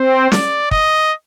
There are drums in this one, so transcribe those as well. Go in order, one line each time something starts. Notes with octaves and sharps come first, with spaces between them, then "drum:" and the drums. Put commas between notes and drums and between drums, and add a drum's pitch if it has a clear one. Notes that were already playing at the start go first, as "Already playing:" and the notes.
Already playing: C4 C5
D5, drum: snare
D#5, drum: kick